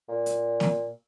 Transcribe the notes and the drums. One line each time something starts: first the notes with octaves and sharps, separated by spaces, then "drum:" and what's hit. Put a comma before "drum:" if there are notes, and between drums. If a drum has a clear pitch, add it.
A#2
drum: hi-hat
drum: snare